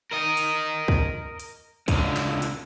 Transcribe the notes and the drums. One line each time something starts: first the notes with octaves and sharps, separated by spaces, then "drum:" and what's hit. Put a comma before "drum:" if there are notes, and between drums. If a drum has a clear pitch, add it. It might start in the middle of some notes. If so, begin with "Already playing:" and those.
A#4 D#5
drum: hi-hat
drum: kick
drum: hi-hat
C#2 D3, drum: kick, hi-hat
drum: clap
drum: hi-hat